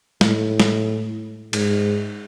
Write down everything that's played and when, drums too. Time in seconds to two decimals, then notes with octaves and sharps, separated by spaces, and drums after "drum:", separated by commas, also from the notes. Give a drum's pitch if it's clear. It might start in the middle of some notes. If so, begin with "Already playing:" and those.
0.21 A2, drum: snare G#3
0.60 drum: snare G#3
1.53 G#2, drum: cymbal